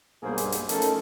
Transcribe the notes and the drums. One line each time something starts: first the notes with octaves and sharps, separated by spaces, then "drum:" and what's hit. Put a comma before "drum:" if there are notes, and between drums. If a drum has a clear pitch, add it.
B1 G2 A#3 B3 G#4 C5
drum: hi-hat
drum: hi-hat
F3 A3 C#4 D#4 A4 A#4, drum: hi-hat
drum: hi-hat